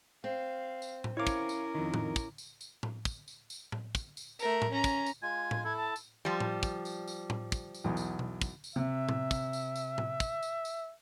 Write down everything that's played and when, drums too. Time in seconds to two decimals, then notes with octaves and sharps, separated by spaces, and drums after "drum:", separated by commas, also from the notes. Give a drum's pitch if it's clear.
0.24 C4 F5
0.82 drum: tambourine
1.04 drum: tom A2
1.17 C#4 E4 A#4 C#5 F5 D6
1.27 drum: kick, tambourine
1.49 drum: tambourine
1.75 F2 D#3
1.94 drum: tom A2
2.16 drum: kick, tambourine
2.38 drum: tambourine
2.61 drum: tambourine
2.83 drum: tom A2
3.05 drum: kick, tambourine
3.28 drum: tambourine
3.50 drum: tambourine
3.72 drum: tom A2
3.95 drum: kick, tambourine
4.17 drum: tambourine
4.39 A3 A#4, drum: tambourine
4.62 drum: tom A2
4.71 C#4 A#5
4.84 drum: kick, tambourine
5.06 drum: tambourine
5.22 G#3 F4 G#5 G#6
5.51 drum: tom A2
5.64 E4 A4 G#6
5.77 A5
5.96 drum: tambourine
6.25 F3 G3
6.40 drum: tom A2
6.63 drum: kick, tambourine
6.85 drum: tambourine
7.07 drum: tambourine
7.30 drum: tom A2
7.52 drum: kick, tambourine
7.74 drum: tambourine
7.84 B1 E2
7.97 drum: tambourine
8.19 drum: tom B2
8.42 drum: kick, tambourine
8.64 drum: tambourine
8.76 C3 E5
9.09 drum: tom A2
9.31 drum: kick, tambourine
9.53 drum: tambourine
9.76 drum: tambourine
9.98 drum: tom A2
10.20 drum: kick, tambourine
10.43 drum: tambourine
10.65 drum: tambourine